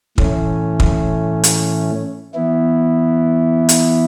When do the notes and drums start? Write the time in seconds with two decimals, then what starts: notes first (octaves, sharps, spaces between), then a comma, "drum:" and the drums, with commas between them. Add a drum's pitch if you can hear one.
0.18 A2 E3 A3 C#4, drum: kick
0.80 drum: kick
1.44 drum: hi-hat
2.34 E3 B3 E4
3.69 drum: hi-hat